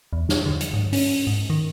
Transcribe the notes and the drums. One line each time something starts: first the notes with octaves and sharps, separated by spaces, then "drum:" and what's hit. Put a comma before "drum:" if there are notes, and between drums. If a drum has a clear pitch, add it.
E2
drum: snare
D3
drum: hi-hat
G#2
C#4, drum: open hi-hat
G#2
D#3